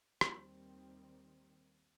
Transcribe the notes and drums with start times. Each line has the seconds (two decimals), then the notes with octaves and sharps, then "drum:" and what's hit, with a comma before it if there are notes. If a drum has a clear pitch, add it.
0.21 D#2 D#3 G3 C4, drum: rim click